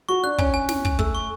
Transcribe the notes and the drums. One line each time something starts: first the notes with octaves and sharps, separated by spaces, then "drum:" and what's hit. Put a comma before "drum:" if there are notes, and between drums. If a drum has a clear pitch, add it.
F#4 C#6
D4 F#6
C#4 G#5, drum: kick
G#5
G#5, drum: snare
G#5, drum: kick
A3 E6, drum: kick
C#6